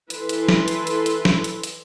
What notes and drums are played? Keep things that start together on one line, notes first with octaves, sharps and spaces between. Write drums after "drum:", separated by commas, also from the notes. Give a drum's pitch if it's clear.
E3 E4 A4 B4 C6, drum: hi-hat
drum: hi-hat
drum: snare
drum: hi-hat
drum: hi-hat
drum: hi-hat
drum: snare
drum: hi-hat
drum: hi-hat